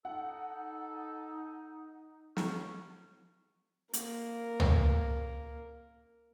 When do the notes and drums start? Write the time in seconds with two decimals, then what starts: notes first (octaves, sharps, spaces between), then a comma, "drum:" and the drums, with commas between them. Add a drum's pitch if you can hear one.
0.05 D#4 A4 F#5
2.37 C#4, drum: snare
3.93 A#3 A#4, drum: hi-hat
4.60 drum: tom